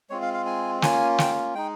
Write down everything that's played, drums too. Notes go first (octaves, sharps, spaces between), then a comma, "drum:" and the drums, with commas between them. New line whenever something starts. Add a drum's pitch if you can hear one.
G#3 C4 F4 C#5
F5
F5
G#5
A#3 C#4 F4 G#5, drum: snare
G5, drum: snare
G#3 D#4 G5